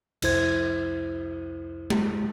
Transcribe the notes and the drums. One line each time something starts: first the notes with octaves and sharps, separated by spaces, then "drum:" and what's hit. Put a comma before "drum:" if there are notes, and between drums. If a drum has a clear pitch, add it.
C2 F2 E4 C5 G#6, drum: cymbal
drum: tom G#3